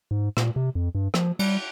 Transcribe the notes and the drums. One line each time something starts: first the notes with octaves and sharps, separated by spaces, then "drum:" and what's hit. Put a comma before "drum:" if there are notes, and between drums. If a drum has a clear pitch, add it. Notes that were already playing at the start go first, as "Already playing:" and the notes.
G#2
A#2, drum: rim click
C3
F2
G2
F3, drum: rim click
G3, drum: cymbal